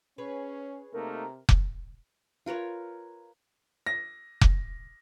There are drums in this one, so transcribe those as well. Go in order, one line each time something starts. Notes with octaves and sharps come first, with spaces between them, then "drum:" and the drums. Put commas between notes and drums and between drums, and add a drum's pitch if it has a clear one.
C#4 G#4 B4 C#5
C3 A3 A#3 D#4 A#4
drum: kick F1
F4 A#4 B4 C#5
A#6
drum: kick F1